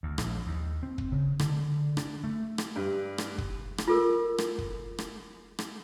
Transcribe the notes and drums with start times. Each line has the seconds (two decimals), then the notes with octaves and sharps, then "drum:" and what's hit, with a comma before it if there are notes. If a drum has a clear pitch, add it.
0.03 D2
0.18 A#1, drum: rim click
0.47 D#2
0.83 C4
0.98 drum: kick
1.12 C#3
1.39 D3, drum: rim click
1.97 D4, drum: rim click
2.24 A3
2.58 drum: rim click
2.76 G2
3.18 drum: rim click
3.38 drum: kick
3.78 drum: rim click
3.88 F4 A4 A#4
4.38 drum: rim click
4.58 drum: kick
4.98 drum: rim click
5.59 drum: rim click